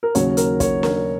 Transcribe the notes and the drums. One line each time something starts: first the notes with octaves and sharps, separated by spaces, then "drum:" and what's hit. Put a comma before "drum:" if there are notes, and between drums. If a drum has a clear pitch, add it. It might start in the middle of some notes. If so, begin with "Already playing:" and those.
A#4
D#2 C#3 F#3 C#5, drum: hi-hat
A#4, drum: hi-hat
C#5, drum: kick, hi-hat
A#4, drum: snare